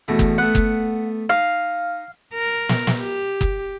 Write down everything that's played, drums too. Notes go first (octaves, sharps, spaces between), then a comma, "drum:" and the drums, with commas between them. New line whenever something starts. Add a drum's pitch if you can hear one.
E2 B2 A3
drum: kick F#1
A3 B3 F#5
drum: kick F#1
D#4 F5
A#4
drum: snare
drum: snare
G4
drum: kick F#1